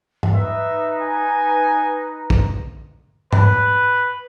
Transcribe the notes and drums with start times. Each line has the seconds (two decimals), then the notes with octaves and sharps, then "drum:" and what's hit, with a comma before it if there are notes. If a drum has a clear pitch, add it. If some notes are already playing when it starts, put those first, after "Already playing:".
0.23 drum: tom G#2
0.34 D#4 B4 E5
1.01 G#5
2.30 drum: kick
3.33 B4, drum: tom G#2